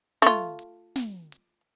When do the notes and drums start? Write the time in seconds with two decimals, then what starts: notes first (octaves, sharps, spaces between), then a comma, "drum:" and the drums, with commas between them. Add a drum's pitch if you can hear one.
0.22 A3 F4, drum: snare
0.59 drum: hi-hat
0.96 drum: snare
1.32 drum: hi-hat